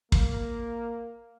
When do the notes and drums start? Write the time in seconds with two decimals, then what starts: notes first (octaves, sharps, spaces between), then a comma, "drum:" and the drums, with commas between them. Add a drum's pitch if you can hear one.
0.12 A#3, drum: kick